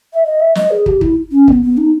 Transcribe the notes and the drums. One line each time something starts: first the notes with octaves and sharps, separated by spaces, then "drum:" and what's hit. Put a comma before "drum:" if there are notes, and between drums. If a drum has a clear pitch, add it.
E5
D#5
E5
D#5, drum: snare
G#4
G4, drum: kick
E4, drum: kick
C#4
B3, drum: kick
B3
D#4